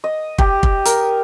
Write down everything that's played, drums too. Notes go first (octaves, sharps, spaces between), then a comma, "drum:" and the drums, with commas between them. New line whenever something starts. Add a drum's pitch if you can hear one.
D#5
G4, drum: kick
drum: kick
A#4, drum: hi-hat